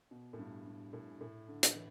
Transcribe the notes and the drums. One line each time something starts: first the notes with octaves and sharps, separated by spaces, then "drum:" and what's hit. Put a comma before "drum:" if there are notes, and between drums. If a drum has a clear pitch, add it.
B2
A2
G2
G2
A2
A2
D3
drum: hi-hat
E3